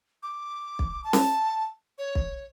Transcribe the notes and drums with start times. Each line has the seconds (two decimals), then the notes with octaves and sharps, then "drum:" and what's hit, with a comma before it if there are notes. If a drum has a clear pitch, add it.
0.23 D6
0.79 drum: kick
1.04 A5
1.13 drum: snare C#4
1.98 C#5
2.15 drum: kick